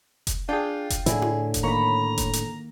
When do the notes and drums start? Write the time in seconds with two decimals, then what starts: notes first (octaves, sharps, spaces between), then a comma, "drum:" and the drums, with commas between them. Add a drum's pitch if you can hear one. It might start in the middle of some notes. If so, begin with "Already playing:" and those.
0.27 drum: kick F1, hi-hat
0.49 D4 F4 G#4 G5
0.90 drum: kick F1, hi-hat
1.06 A2 D3 E4 G#4, drum: hi-hat
1.22 drum: tom E4
1.54 drum: kick F1, hi-hat
1.64 D#3 A#3 C#5 A#5 B5
2.18 drum: kick F1, hi-hat
2.33 drum: hi-hat